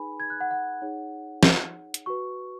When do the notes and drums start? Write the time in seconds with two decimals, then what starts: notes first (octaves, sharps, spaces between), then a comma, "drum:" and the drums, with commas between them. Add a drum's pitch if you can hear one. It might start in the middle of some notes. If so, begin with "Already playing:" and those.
Already playing: D#4 G#4 B4 G#5 B5
0.20 G#6
0.30 F#6
0.40 F#5
0.51 F#5
0.82 D#4 G#4 C#5
1.43 drum: snare
1.94 drum: hi-hat
2.06 F#4 B4 C#6